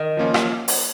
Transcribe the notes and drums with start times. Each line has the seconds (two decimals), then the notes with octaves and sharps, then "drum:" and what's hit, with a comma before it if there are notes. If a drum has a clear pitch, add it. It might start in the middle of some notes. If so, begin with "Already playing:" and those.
Already playing: D#3
0.17 F3 A#3 C#4 F4
0.34 drum: rim click
0.68 drum: open hi-hat